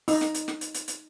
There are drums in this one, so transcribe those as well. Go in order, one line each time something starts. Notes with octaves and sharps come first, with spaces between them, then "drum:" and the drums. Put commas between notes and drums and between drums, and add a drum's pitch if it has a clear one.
D#4, drum: open hi-hat
drum: snare
drum: hi-hat
drum: snare
drum: hi-hat
drum: hi-hat
drum: hi-hat